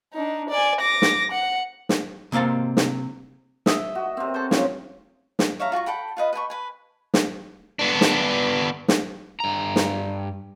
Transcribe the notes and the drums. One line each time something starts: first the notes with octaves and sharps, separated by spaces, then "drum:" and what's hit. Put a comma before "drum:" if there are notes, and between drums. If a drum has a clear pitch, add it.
D4 D#4
D5 G#5
D6 A#6
drum: snare
F#5
drum: snare
C3 A#3 C4 F5 A5
drum: snare
D#5 E5, drum: snare
F#4
C3 C4
A4 C5
C#3 F3 C#5, drum: snare
drum: snare
C#5 E5 F5 A#5
F4 F#4 A5 C#6
A4 F#5 G5 B5
F4 B4 D#5
B4 G5 G#5 C#6
B4 G#5
drum: snare
B3 D4
drum: snare
drum: snare
G2 A#5
drum: snare